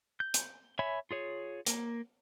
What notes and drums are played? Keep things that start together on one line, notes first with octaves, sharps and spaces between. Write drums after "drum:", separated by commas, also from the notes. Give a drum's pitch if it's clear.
G6
drum: hi-hat
C#5 E5 G#5 B5
F4 G#4 C#5
A#3, drum: hi-hat